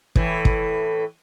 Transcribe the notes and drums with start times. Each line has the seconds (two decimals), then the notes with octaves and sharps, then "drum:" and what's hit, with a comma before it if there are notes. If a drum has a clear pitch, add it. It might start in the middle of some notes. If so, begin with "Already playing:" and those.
0.16 A2 E3, drum: kick
0.45 drum: kick